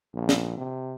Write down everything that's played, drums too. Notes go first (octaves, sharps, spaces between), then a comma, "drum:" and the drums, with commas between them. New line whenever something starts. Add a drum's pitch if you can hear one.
A#1
drum: snare
C3